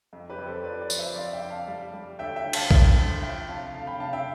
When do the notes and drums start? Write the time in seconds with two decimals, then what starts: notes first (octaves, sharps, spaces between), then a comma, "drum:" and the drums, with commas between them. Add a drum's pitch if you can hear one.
0.13 F2
0.30 G4 B4
0.38 F2
0.47 A4 C5
0.64 F3 B4 D5
0.81 B4 D5
0.90 F3, drum: tambourine
0.98 C5 E5
1.16 F2 D5 F5
1.33 E5 G5
1.42 F2
1.50 F5 A5
1.67 G3
1.94 G3
2.19 D2 E5 G5
2.36 E5 G5
2.45 D2
2.53 F5 A5, drum: cymbal
2.71 D2 E5 G5, drum: kick A#1
2.97 D2
3.23 F3 E5 G5
3.48 C3 F5 A5
3.74 D2 F5 A5
3.87 G5 B5
4.00 C3 F5 A5
4.13 E5 G5